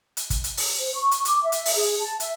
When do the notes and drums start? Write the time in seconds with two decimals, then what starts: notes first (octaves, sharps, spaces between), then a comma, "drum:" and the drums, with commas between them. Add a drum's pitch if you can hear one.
0.17 drum: hi-hat
0.30 drum: kick, hi-hat
0.44 drum: hi-hat
0.57 drum: open hi-hat
0.78 C5
0.93 C#6
1.11 drum: hi-hat
1.25 D6, drum: hi-hat
1.43 E5
1.52 drum: hi-hat
1.65 drum: open hi-hat
1.75 G#4
1.98 A5
2.20 E5, drum: hi-hat